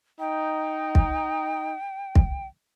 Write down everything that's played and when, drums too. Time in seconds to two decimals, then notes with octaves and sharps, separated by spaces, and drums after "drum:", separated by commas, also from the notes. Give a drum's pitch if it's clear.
0.20 D#4 G5
0.95 drum: kick
2.15 drum: kick